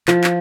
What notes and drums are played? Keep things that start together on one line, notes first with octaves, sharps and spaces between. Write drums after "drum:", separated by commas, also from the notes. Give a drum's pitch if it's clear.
F3, drum: clap
drum: clap